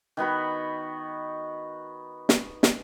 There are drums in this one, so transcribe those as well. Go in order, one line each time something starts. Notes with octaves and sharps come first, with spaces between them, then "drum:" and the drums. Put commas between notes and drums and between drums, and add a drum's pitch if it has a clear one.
D#3 B3 F#4 B5
drum: snare
drum: snare